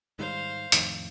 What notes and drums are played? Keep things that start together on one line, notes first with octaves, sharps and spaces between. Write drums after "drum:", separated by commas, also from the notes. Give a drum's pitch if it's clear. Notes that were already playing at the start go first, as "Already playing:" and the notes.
G#2 D#3 G3 C5 F5
F2 A2 D#3, drum: hi-hat